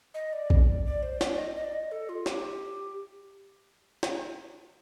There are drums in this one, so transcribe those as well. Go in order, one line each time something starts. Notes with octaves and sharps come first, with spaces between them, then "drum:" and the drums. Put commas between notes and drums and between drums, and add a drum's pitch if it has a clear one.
D#5
D5
drum: kick A#1
D5
C5
D5, drum: snare
D#5
D#5
D5
D#5
A4
F4
G4, drum: snare
drum: snare